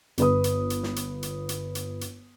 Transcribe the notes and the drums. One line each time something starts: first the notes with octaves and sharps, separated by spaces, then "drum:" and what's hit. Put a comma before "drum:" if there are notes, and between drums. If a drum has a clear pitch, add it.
G1 B4 D#6, drum: hi-hat
drum: hi-hat
drum: hi-hat
drum: snare
drum: hi-hat
drum: hi-hat
drum: hi-hat
drum: hi-hat
drum: hi-hat